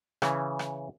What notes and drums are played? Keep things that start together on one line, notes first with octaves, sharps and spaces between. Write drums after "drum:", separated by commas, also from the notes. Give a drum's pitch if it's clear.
C#3 E3, drum: rim click
drum: rim click